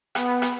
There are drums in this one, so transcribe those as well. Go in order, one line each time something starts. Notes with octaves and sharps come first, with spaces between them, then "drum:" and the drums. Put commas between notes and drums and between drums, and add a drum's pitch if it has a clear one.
B3, drum: rim click
drum: rim click